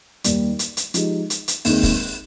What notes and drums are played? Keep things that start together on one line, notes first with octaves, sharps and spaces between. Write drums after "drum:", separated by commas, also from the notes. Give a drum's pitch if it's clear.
D#2 D#3 G3, drum: hi-hat
drum: hi-hat
drum: hi-hat
F3 G#3 D#4 G4, drum: hi-hat
drum: hi-hat
drum: hi-hat
D#2 D#3 G#3 C4, drum: open hi-hat
drum: kick, open hi-hat